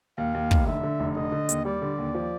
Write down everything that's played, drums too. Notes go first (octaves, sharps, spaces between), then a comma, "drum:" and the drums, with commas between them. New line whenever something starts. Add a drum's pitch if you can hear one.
D#2 F5
D#2
F1, drum: kick
D3 E5
D3
F1
D3 D#5
D3
D#2, drum: hi-hat
G3 D5
D3
D#2
F3